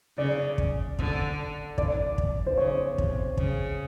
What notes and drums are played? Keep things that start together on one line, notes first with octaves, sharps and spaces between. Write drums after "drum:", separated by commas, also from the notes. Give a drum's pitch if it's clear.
C#3 D5
drum: kick
D3, drum: kick
D5, drum: kick
drum: kick
C5
C#3 C#5
C3, drum: kick
C#3, drum: kick